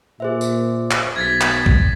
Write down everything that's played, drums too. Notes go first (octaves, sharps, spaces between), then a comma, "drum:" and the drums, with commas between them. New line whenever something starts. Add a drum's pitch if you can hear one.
A#2 G#4 C5 E5
drum: tambourine
drum: clap
B1 G#6 A6 B6
drum: clap
drum: kick